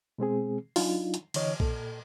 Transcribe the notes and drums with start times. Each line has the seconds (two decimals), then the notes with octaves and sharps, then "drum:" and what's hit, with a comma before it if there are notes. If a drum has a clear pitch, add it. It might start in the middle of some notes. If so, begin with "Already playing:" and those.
0.18 B2 G#3 C4 G#4
0.76 F#3 D4 D#4 F4, drum: open hi-hat
1.14 drum: hi-hat
1.34 D3 E3 C#5 D#5, drum: cymbal
1.60 A#2 A4, drum: kick B1